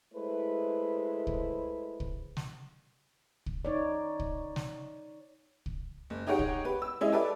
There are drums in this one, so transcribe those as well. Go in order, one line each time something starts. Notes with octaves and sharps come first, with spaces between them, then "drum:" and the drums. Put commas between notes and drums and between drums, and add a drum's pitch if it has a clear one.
G#3 A3 E4 B4 C5
drum: kick
drum: kick
drum: snare
drum: kick
D#4 C#5 D5
drum: kick
drum: snare
drum: kick
F#1
D#4 G4 G#4 C#5 F#5 G5
drum: kick
G4 B4
E6
G#3 C#4 E4 G#4 D#5 E5
G4 A4 B4 D5 E5